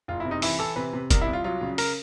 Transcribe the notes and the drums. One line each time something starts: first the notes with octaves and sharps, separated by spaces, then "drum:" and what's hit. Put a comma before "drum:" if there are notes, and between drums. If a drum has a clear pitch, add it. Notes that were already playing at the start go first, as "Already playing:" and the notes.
F#1 F4
E4
C3
D#4
E3 E4, drum: open hi-hat
E3 A4
C3 B4
C3
C2 A#4, drum: kick, hi-hat
E4
C2
F4
F#3 F4
C#3
A#4, drum: open hi-hat